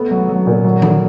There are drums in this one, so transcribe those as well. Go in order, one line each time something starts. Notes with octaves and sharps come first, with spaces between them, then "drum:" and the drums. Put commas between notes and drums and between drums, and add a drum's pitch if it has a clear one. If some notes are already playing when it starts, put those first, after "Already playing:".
Already playing: A3 B3
F#3
F#3
A#2
F#3
D3, drum: tom D#3